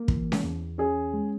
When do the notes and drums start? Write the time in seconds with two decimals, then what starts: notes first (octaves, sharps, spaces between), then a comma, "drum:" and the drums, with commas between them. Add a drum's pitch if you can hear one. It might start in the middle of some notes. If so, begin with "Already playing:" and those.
Already playing: A#3
0.08 E3, drum: kick
0.32 drum: snare C#4
0.44 E2
0.78 C#4 G#4
1.14 G#3